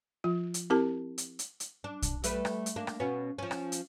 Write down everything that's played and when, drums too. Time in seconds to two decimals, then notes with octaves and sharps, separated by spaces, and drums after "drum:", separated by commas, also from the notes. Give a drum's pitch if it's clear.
0.24 F3 F4
0.54 drum: hi-hat
0.70 C4 E4 G4 A#4 A5
1.18 drum: hi-hat
1.39 drum: hi-hat
1.60 drum: hi-hat
1.84 D4
2.02 drum: kick, hi-hat
2.24 G3 A3 B4, drum: hi-hat
2.45 drum: rim click
2.66 drum: hi-hat
2.76 A#3 D4
2.87 drum: rim click
3.00 B2 B3 C#4
3.38 F3 C#4
3.51 drum: rim click
3.72 drum: hi-hat